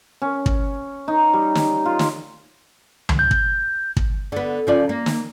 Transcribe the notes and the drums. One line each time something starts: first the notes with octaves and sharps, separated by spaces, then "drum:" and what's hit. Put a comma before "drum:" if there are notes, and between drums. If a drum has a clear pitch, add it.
C#4
drum: kick
D#4
G3
drum: snare
F4
drum: snare
drum: tom C#2
G6
drum: kick
drum: kick
D3 B3
C#3 F3 D5
A#3
drum: snare